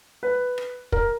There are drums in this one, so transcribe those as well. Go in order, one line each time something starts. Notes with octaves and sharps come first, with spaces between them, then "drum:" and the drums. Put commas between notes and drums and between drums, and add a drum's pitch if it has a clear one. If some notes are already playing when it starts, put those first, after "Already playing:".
B4
drum: rim click
A#4, drum: kick